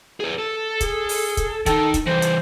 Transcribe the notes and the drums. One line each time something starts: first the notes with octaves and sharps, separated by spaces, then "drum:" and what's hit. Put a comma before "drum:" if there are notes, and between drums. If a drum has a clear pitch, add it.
G#4 B4
A4
G#4, drum: kick, hi-hat
drum: open hi-hat
drum: kick, hi-hat
D#3 D#4 A4, drum: kick, hi-hat
drum: kick, hi-hat
E3 G3 C5
drum: hi-hat